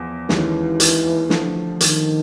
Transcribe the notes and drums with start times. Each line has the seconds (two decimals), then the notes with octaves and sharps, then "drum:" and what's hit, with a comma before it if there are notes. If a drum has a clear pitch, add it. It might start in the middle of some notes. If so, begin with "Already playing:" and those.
Already playing: E2 F3
0.29 D#2 D#3 E3 G#3 C#4, drum: snare
0.80 drum: hi-hat
1.30 D3 F3 A3, drum: snare
1.80 D#3, drum: hi-hat